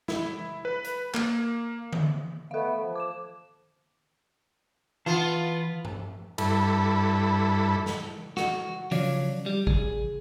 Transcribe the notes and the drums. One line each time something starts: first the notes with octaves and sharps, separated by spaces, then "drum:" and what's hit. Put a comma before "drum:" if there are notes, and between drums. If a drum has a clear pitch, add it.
E4, drum: snare
B4
drum: hi-hat
A#3, drum: clap
drum: tom D3
A3 B3 A4 F5
F3
D6 E7
E3 B3 F4 F5 A5
drum: tom G2
G2 E4 A4 B5, drum: cymbal
drum: snare
F#4, drum: snare
C#3 F3 F#3 C#5 D5 F5, drum: open hi-hat
G3
G#4, drum: kick